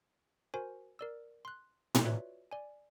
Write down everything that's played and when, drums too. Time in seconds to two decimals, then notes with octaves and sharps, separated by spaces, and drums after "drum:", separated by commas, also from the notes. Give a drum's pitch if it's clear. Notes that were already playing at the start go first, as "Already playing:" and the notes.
0.54 F#4 A#4 C5 G#5
0.99 A#4 D5 E6
1.45 C6 F#6
1.95 drum: tom A2
2.05 F4 F#4 B4 C#5 D5 E5
2.51 D5 G#5